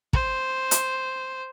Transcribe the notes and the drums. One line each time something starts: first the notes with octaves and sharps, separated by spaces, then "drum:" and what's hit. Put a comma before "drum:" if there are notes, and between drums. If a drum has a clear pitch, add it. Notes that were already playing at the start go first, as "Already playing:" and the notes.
C5, drum: kick
drum: hi-hat